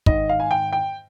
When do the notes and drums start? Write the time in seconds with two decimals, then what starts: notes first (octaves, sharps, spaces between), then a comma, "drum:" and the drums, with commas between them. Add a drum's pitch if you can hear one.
0.06 G#2 D#3 D#5, drum: kick
0.29 F5
0.40 G#5
0.51 G5
0.73 G5